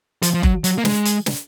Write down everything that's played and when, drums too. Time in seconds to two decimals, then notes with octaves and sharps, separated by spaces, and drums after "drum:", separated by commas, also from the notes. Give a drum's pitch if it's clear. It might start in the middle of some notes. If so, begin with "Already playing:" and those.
0.23 F3, drum: hi-hat
0.34 F3
0.43 F#3, drum: kick F#1
0.64 F#3, drum: hi-hat
0.78 A#3
0.85 G#3, drum: snare
1.05 drum: hi-hat
1.26 drum: snare